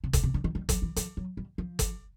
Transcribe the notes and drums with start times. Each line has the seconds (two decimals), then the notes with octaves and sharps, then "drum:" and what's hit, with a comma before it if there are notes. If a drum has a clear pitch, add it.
0.04 C3
0.13 B2, drum: kick, hi-hat
0.23 C3
0.34 D3
0.44 D#3
0.55 G3
0.69 F#3, drum: kick, hi-hat
0.82 E3
0.96 F3, drum: hi-hat
1.17 F#3
1.37 G3
1.58 F3
1.79 drum: kick, hi-hat